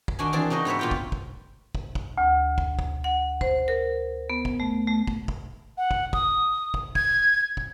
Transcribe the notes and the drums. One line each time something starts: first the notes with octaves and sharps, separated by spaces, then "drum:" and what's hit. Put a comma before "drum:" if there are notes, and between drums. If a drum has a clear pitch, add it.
drum: kick
D#3 D4 F#4 G#5
E3 C4 D4 G#4 A5
C#3 D#4 F#4 D#5 G5
G#2 B3 C#5 E5
A#2 F4 G5
drum: kick
drum: kick
drum: kick
drum: kick
D2
drum: kick
drum: kick
F#5
C5, drum: kick
A#4
B3
drum: kick
A3
A3
drum: kick
drum: kick
F#5
drum: kick
D#6, drum: kick
drum: kick
G#6, drum: kick
drum: kick